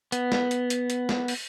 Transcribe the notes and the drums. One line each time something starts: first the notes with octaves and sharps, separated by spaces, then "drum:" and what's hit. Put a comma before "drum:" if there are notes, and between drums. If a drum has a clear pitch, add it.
B3, drum: hi-hat
drum: snare
drum: hi-hat
drum: hi-hat
drum: hi-hat
drum: snare
drum: open hi-hat